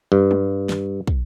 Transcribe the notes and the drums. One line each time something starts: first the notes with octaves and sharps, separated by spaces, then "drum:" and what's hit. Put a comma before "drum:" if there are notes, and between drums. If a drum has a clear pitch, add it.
G2
drum: tom
drum: snare
drum: kick